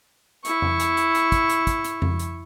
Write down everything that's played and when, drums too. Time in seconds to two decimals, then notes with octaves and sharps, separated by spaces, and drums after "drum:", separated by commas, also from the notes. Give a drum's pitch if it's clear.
0.45 E4 C#6, drum: hi-hat
0.62 drum: tom F2
0.80 drum: hi-hat
0.97 drum: hi-hat
1.15 drum: hi-hat
1.32 drum: kick, hi-hat
1.50 drum: hi-hat
1.67 drum: kick, hi-hat
1.84 drum: hi-hat
2.02 drum: tom F2
2.19 drum: hi-hat